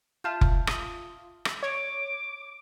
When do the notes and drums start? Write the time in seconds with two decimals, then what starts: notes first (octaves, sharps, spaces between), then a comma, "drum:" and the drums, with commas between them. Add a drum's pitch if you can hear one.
0.24 F4 E5 A5 G6
0.41 drum: kick F1
0.67 D#6 D#7 G7, drum: rim click
1.45 drum: rim click
1.63 C#5 D6